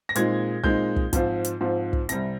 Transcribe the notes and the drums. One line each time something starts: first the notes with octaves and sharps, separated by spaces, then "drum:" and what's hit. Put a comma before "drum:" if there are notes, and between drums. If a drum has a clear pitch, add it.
A#6
A#2 G#3 C4 D#4 G#6, drum: hi-hat
A#2 G#3 C4 D#4 G6, drum: kick
drum: kick
G#2 F3 C4 F4, drum: kick, hi-hat
drum: hi-hat
G#2 F3 C4 F4
drum: kick
C2 C3 G3 A#6, drum: hi-hat